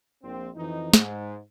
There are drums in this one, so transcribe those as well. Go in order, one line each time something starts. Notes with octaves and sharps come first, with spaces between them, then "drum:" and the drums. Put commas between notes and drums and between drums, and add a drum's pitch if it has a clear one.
A#1 C4
F2 E3 D#4
G#2, drum: snare